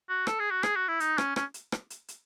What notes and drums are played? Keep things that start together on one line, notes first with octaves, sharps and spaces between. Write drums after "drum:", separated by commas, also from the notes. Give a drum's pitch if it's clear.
F#4
A4, drum: rim click
G#4
F#4
G#4, drum: rim click
F#4
E4
D#4, drum: hi-hat
C#4, drum: rim click
C#4, drum: rim click
drum: hi-hat
drum: rim click
drum: hi-hat
drum: hi-hat